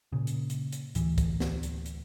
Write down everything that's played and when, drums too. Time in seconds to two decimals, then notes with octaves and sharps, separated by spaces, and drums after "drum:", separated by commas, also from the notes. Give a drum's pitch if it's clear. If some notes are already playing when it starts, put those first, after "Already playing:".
0.12 A#2 C#3
0.27 drum: hi-hat
0.50 drum: hi-hat
0.72 drum: hi-hat
0.95 D2 A2 E3, drum: hi-hat
1.18 drum: kick C2, hi-hat
1.40 drum: snare
1.63 drum: hi-hat
1.86 drum: hi-hat